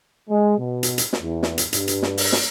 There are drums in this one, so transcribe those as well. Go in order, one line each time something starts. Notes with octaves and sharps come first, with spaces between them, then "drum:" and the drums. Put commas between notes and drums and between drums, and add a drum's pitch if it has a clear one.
G#3
B2
drum: hi-hat
drum: hi-hat
drum: snare
E2
drum: snare
drum: hi-hat
G2, drum: hi-hat
drum: hi-hat
drum: snare
drum: open hi-hat
drum: snare